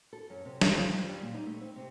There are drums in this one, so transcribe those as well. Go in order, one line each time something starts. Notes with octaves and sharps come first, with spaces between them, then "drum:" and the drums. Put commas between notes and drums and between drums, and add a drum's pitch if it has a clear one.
A4
F#2
C3
G#2, drum: snare
F4
G#3
G3
A#2
D#4
A3
C4
C3